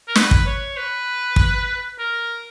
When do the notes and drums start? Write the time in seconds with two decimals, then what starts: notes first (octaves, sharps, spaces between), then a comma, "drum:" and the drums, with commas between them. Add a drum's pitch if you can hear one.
0.08 A#4
0.15 B4, drum: snare
0.31 drum: kick
0.46 C#5
0.77 B4
1.36 drum: kick
1.99 A#4